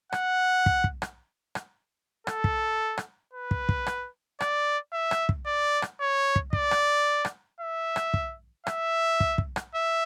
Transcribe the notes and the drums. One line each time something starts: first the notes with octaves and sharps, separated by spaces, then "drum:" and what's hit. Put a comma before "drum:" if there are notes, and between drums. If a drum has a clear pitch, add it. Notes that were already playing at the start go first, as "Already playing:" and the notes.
F#5, drum: rim click
drum: kick
drum: kick
drum: rim click
drum: rim click
A4, drum: rim click
drum: kick
drum: rim click
B4
drum: kick
drum: kick
drum: rim click
D5, drum: rim click
E5
drum: rim click
drum: kick
D5
drum: rim click
C#5
drum: kick
D5, drum: kick
drum: rim click
drum: rim click
E5
drum: rim click
drum: kick
E5, drum: rim click
drum: kick
drum: kick
drum: rim click
E5